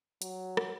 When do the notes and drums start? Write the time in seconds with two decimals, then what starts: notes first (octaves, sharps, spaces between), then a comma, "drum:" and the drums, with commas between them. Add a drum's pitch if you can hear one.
0.22 F#3, drum: hi-hat
0.57 drum: rim click